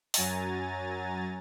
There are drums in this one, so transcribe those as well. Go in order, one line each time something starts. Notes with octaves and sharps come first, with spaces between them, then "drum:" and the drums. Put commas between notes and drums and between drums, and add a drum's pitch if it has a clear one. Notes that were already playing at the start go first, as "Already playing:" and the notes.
F#2 F#3 G#5 A#5 A6, drum: open hi-hat